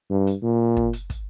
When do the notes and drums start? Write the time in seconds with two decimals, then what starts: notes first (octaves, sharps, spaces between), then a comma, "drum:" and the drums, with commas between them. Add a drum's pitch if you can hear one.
0.10 G2
0.27 drum: hi-hat
0.43 A#2
0.77 drum: kick
0.93 drum: hi-hat
1.10 drum: kick, hi-hat